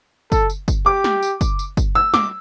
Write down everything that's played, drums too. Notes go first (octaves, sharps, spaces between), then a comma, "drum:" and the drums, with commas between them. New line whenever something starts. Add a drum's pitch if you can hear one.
A4, drum: kick, tambourine
drum: tambourine
drum: kick, tambourine
G4 D6
drum: snare
drum: tambourine
drum: kick, tambourine
drum: tambourine
drum: kick, tambourine
E6
D6, drum: snare